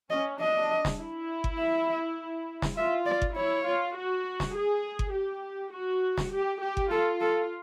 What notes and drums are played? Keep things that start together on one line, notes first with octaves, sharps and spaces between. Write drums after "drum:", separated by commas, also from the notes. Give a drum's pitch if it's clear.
C#4 D#5
D4 D#5
drum: snare
E4
drum: kick G1
E5
drum: snare
F4 E5
D5
drum: kick G1
E4 C#5
F4
F#4
drum: snare
G#4
drum: kick G1
G4
F#4
drum: snare
G4
G4
drum: kick G1
F4 A4
A4